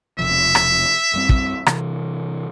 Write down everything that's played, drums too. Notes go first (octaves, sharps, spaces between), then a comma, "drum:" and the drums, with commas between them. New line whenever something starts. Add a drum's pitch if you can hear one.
E1 C3 F3 E5
drum: rim click
F#2 G3 C4
drum: kick
C3 E3, drum: rim click